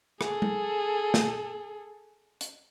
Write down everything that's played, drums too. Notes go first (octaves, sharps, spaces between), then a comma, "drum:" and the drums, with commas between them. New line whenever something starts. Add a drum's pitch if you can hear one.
G#4 A4, drum: rim click
drum: tom G#3
drum: snare
drum: hi-hat